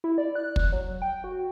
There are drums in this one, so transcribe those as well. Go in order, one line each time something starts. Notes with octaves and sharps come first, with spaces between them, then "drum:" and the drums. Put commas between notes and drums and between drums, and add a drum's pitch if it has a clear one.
E4
D5
F#6
drum: kick
F#3
G5
F#4